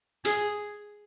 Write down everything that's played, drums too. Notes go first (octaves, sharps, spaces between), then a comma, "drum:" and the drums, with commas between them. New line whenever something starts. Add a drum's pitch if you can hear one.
G#4, drum: hi-hat